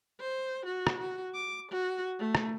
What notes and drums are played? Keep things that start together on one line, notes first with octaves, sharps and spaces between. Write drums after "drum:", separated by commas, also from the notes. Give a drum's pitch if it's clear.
C5
F#4
drum: rim click
F#4
D6
F#4
A3
drum: rim click